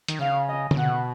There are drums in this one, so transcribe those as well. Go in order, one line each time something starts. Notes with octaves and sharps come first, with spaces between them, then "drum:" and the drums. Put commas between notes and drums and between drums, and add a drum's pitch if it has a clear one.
D#3, drum: hi-hat
C#3 F5
D#5
C#3, drum: tom D3
B2 F#5